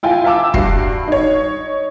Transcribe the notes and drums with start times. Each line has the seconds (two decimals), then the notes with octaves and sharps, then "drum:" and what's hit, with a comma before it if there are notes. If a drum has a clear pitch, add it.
0.03 E4 F4 G5 G#5
0.24 E5 F5 A5 D6 E6
0.54 G2 F#4 C7, drum: kick
1.08 D#4 C#5